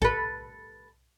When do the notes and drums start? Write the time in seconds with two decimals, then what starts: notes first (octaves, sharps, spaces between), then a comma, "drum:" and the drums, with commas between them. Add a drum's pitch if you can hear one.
0.02 A4 B4, drum: kick